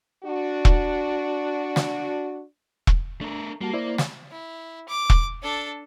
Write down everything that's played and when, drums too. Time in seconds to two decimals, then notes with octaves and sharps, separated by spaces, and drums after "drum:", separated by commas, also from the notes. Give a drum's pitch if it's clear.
0.24 D4 F#4
0.65 drum: kick E1
1.76 drum: snare
2.87 drum: kick E1
3.21 A3 D4 A#4
3.61 G3 A#3 F#4 A5
3.73 E4 C5 D5
3.98 drum: snare
4.31 E4
4.88 D6
5.10 drum: kick E1
5.42 D4 A4